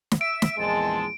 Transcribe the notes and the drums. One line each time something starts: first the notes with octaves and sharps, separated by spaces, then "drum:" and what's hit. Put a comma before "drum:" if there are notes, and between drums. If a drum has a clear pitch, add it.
drum: snare
E5 D7
drum: snare
A#1 E2 G#3 C4 A5